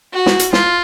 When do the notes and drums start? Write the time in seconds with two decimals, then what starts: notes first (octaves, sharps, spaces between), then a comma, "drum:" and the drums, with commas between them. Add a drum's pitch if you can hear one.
0.13 F#4
0.26 drum: snare
0.39 drum: hi-hat
0.53 F4, drum: snare